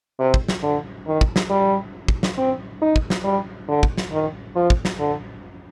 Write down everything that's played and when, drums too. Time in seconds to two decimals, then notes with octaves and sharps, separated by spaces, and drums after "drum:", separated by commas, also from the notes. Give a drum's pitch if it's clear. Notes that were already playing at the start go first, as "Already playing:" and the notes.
0.19 C3
0.34 drum: kick
0.48 drum: snare
0.63 D3
1.07 D#3
1.21 drum: kick
1.36 drum: snare
1.50 G3
2.08 drum: kick
2.23 drum: snare
2.38 C4
2.82 D#4
2.96 drum: kick
3.10 drum: snare
3.24 G3
3.68 D3
3.83 drum: kick
3.98 drum: snare
4.12 D#3
4.55 F3
4.70 drum: kick
4.85 drum: snare
5.00 D3